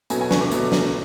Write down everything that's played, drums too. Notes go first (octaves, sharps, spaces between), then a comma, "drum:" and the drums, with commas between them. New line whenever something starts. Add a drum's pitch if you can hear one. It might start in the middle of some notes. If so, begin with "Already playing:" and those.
B2 F#3 A3 G#5, drum: hi-hat
G#5
C#6, drum: snare
D6
B2 F#3 A3, drum: hi-hat
drum: snare